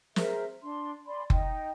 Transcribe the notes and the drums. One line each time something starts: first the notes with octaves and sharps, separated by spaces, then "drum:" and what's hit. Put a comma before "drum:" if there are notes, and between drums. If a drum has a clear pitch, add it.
G#4 A#4 C5 E5, drum: snare
D4 C6
D5 G#5 B5 C6
D#4 G5, drum: kick F#1